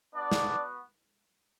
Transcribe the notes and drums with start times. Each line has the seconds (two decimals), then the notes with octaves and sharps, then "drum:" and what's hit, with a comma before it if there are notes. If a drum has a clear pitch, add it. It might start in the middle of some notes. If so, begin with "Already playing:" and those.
0.15 B3 D4 F#4 D5
0.32 drum: snare